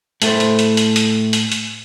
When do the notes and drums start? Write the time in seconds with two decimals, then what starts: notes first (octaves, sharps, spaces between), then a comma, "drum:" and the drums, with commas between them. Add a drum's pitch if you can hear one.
0.22 A2 A3 A4 C5, drum: hi-hat
0.40 drum: hi-hat
0.59 drum: hi-hat
0.77 drum: hi-hat
0.96 drum: hi-hat
1.33 drum: hi-hat
1.52 drum: hi-hat